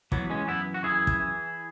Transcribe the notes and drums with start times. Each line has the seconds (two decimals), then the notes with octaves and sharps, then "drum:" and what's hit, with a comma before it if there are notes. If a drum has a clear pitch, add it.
0.12 E3 F#3 B3, drum: kick
0.30 G#3 C#4
0.48 F#2 B3 E4
0.74 F#4
0.83 E3 E4 G#4
1.07 drum: kick
1.20 E3